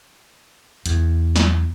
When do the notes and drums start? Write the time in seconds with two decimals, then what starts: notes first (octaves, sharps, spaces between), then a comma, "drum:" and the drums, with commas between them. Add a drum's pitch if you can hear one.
0.86 E2, drum: hi-hat
1.36 drum: snare